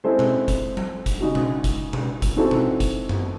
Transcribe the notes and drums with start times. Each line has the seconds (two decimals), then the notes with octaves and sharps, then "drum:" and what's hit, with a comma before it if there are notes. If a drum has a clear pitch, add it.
0.04 G#3 C4 E4 A4 C5
0.19 drum: tom B2
0.48 drum: kick F#1, hi-hat
0.77 drum: tom F#3
1.06 drum: kick F#1, hi-hat
1.20 C#3 G#3 D#4 F#4
1.35 drum: tom B2
1.64 drum: kick F#1, hi-hat
1.93 drum: tom B2
2.22 drum: kick F#1, hi-hat
2.36 G#2 E3 C4 F#4 A4
2.51 drum: tom B2
2.80 drum: kick F#1, hi-hat
3.09 drum: tom F#2